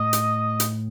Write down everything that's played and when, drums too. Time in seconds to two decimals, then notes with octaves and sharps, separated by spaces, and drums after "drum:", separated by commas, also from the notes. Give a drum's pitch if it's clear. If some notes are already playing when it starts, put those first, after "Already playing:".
Already playing: A2 D#5
0.13 drum: hi-hat
0.60 drum: hi-hat